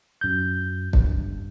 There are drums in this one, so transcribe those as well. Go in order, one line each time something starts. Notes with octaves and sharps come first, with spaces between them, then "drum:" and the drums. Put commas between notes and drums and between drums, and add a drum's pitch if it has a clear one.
F#2 G6
G2, drum: kick